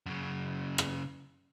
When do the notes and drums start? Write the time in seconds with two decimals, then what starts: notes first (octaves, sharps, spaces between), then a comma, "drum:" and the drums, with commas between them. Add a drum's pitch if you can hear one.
0.06 F#2 C#3
0.78 drum: rim click